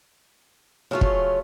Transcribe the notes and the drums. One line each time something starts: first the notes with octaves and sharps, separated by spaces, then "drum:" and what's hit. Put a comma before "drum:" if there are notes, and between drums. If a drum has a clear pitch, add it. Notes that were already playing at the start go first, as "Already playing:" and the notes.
C#3 F#3 A3 C#4 F4
drum: kick